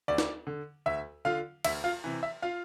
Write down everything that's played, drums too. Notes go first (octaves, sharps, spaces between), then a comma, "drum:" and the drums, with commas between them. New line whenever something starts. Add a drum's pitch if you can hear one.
D2 D5
drum: snare
D3
D2 E5
D3 F4 F5
D2 E5, drum: cymbal
F4 F5
C3 E3
E5
F4 F5